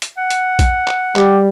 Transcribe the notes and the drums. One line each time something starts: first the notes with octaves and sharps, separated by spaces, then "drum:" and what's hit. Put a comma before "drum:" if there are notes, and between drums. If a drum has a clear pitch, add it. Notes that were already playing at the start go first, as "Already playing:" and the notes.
drum: hi-hat
F#5
drum: hi-hat
drum: kick A#1, hi-hat
drum: clap
G3 G4, drum: clap